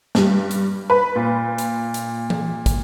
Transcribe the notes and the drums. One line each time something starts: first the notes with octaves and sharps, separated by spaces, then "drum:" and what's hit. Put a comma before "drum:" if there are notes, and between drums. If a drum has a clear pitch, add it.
G2 G3, drum: snare
drum: hi-hat
B4
A#2
drum: hi-hat
drum: hi-hat
drum: tom E3
drum: kick, hi-hat